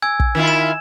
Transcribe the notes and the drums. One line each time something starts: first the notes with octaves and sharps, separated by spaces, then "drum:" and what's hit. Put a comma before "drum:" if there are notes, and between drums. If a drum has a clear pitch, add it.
G#5 E6 G#6
drum: kick
D#3 E4 F4
E7